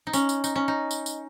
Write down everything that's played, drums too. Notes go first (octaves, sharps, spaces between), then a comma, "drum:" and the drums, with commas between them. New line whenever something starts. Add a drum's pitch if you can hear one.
D#4
C#4, drum: tambourine
drum: tambourine
D#4, drum: tambourine
C#4
D#4
drum: tambourine
drum: tambourine